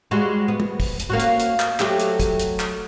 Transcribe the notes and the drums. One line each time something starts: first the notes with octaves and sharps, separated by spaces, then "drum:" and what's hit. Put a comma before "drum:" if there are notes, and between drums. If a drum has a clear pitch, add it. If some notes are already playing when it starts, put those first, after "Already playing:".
G3 G#3 F#4
B3
drum: tom
drum: kick, open hi-hat
drum: hi-hat
A#3 C#4 F#4
drum: hi-hat
drum: hi-hat
drum: clap
F#3 A3 G4, drum: clap
drum: hi-hat
drum: kick, hi-hat
drum: hi-hat
drum: clap